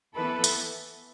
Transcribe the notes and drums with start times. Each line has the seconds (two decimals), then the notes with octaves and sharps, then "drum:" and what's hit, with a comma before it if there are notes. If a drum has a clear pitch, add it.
0.16 E3 B3 E4 A4 B4
0.44 drum: hi-hat